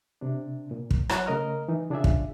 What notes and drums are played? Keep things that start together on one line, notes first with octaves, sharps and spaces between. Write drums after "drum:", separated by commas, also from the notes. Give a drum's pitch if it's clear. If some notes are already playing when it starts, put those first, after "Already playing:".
C3 D4
A#2
drum: kick
F#3 E4 F#4 C#5 F#6, drum: rim click
C#3 A3 A#4 D#5 A#5 F6
E3 D#4
C#3 D4 F4 G#4 D5 E5
drum: kick